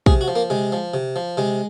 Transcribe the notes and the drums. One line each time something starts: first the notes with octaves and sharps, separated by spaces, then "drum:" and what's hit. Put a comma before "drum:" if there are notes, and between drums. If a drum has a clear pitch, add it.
C3 G#4, drum: kick
F#4
F3
A#3
C3 G#3
F3
C3
F3
C3 G#3